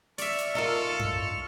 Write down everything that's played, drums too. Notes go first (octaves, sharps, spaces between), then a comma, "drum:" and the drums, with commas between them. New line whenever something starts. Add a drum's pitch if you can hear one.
D5 E5 C#6 F6, drum: open hi-hat
drum: hi-hat
F4 A4 A#4 D#5
drum: tom F#2